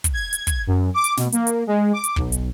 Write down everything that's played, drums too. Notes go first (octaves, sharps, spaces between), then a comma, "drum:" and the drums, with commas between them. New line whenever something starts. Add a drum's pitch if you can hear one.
drum: kick, hi-hat
G#6
drum: hi-hat
drum: kick, hi-hat
F#2
D6
drum: hi-hat
B2, drum: snare
A#3, drum: hi-hat
drum: hi-hat
G#3
D6
drum: hi-hat
B1, drum: kick
drum: hi-hat